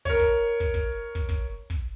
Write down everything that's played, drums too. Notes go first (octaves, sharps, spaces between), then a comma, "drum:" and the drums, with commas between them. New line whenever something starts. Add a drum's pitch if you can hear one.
A#4 C#5, drum: kick
drum: kick
drum: kick
drum: kick
drum: kick
drum: kick
drum: kick